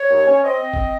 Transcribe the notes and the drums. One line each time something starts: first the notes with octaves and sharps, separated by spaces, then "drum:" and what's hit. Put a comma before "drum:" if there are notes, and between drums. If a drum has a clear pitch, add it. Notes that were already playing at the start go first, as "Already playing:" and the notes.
Already playing: C#5
D#2
C#4
C4 D#5
C4
drum: kick F#1